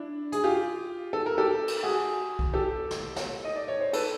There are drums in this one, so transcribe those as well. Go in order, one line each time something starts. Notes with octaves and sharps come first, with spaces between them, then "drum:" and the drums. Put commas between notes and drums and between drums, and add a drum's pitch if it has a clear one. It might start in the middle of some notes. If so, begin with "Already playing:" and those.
Already playing: D4 E4
G#4, drum: hi-hat
F4 G4
A4
A#4
G4 A4
drum: cymbal
F#4 G#4
drum: kick B1
G4 A4
drum: snare
drum: snare
D#5
D5
C#5
C5
A4 B4, drum: cymbal